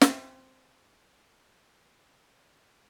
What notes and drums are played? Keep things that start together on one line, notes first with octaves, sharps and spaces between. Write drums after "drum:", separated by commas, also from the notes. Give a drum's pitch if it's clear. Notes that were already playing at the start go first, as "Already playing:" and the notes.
C4 F4, drum: snare